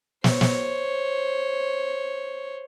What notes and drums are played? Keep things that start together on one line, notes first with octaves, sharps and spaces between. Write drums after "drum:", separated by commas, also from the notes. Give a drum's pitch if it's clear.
C5 C#5, drum: snare
drum: snare